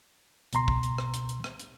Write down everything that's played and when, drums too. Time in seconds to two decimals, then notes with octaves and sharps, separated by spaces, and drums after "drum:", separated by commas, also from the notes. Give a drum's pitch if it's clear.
0.53 C#2 B2 A#5 C6, drum: hi-hat
0.68 drum: kick
0.83 drum: hi-hat
0.98 drum: rim click
1.14 drum: hi-hat
1.29 drum: hi-hat
1.44 drum: rim click
1.59 drum: hi-hat